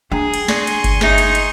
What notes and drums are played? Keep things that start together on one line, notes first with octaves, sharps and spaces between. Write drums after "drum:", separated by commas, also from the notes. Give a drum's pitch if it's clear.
D4 G#4 G5 G#5 A#5
drum: cymbal
D5 G#5 C6 C#6 A#6, drum: snare
drum: cymbal
drum: kick G1, cymbal
D#4 G#4 E5, drum: snare
drum: cymbal
drum: cymbal